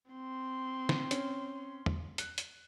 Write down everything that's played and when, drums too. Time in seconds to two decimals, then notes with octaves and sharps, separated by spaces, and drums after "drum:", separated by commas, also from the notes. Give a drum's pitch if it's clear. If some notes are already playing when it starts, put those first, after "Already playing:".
0.11 C4 C6
0.89 drum: snare
1.11 C#4, drum: hi-hat
1.86 drum: tom
2.18 F#6, drum: hi-hat
2.38 drum: hi-hat